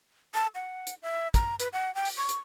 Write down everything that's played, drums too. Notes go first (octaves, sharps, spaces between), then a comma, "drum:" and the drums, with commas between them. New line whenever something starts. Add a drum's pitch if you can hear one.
A5
F#5
drum: hi-hat
E5
A#5, drum: kick, hi-hat
B4, drum: hi-hat
F#5
G5
drum: open hi-hat
C#6
drum: hi-hat